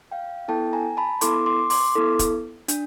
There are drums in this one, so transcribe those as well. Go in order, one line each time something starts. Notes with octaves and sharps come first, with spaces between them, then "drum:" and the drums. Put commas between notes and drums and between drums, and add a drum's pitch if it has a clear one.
F5 G5
B3 E4 A4 G5 A5
G#5 A#5
A5 B5
B3 E4 A4 C6 D6, drum: hi-hat
C6 D6
C6 D6, drum: open hi-hat
B3 E4 A4
drum: kick, hi-hat
D4, drum: hi-hat